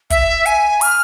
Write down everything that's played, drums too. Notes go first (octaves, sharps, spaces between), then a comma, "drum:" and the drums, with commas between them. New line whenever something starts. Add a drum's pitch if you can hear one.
E5, drum: kick, hi-hat
G#5, drum: hi-hat
F6, drum: open hi-hat